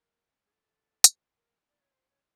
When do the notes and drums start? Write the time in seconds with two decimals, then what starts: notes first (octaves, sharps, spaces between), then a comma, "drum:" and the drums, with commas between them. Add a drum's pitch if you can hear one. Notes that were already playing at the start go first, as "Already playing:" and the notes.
Already playing: A#4
0.45 G#4
0.52 A4
1.04 drum: hi-hat
1.37 A#4
1.69 D5
1.80 C#5
1.92 C5
2.10 C#5